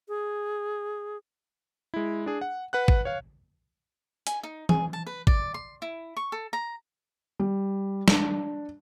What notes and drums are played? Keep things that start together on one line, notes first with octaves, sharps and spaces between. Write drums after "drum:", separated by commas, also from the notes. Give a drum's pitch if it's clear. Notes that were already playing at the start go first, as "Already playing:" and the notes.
G#4
G#3 E4
D4 G#4
F#5
B4 F#5 F#6
drum: kick A1
C#5 F5
G#5, drum: hi-hat
D#4
G#4, drum: tom E3
A5
B4
D5, drum: kick A1
C6
E4
C#6
A4
A#5
G3
D4, drum: snare